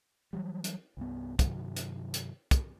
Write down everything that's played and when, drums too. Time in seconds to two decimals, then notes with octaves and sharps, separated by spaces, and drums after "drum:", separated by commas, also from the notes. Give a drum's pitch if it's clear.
0.33 E3 F#3 G3
0.64 drum: hi-hat
0.97 C2 G2 B3
1.39 G2 C3 D#3 F#3, drum: kick, hi-hat
1.76 drum: hi-hat
2.14 drum: hi-hat
2.51 drum: kick, hi-hat